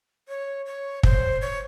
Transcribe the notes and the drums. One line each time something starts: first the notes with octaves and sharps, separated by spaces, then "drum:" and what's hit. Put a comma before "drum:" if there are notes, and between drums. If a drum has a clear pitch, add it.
C#5
C#5
C5, drum: kick
C#5